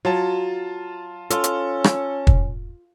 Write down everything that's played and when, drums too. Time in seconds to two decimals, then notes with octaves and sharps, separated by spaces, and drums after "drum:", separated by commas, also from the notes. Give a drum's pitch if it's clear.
0.05 F#3 F4 A5
1.30 C#4 F4 A4, drum: hi-hat
1.44 drum: hi-hat
1.84 drum: rim click
2.27 drum: kick